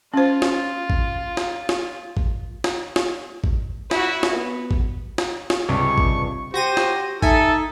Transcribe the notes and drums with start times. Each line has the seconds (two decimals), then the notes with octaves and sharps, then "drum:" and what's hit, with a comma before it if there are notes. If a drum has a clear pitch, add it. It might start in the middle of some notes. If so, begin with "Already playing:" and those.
0.14 C#4 F4 C5
0.42 drum: snare
0.90 drum: kick
1.37 drum: snare
1.69 drum: snare
2.17 drum: kick
2.64 drum: snare
2.96 drum: snare
3.44 drum: kick
3.91 E4 F#4, drum: snare
4.23 drum: snare
4.34 B3
4.71 drum: kick
5.18 drum: snare
5.50 drum: snare
5.69 C#2 G2 C3 C#6
5.98 drum: kick
6.54 F#4 G4 C5 A#6 D#7
6.77 drum: snare
7.22 D#4 A4 E5 G#5, drum: kick